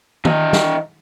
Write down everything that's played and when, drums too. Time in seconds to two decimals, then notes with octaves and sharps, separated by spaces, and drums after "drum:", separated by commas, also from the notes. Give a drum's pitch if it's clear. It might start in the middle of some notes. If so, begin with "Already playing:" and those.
0.25 E3 D#5, drum: tom D#3
0.53 drum: snare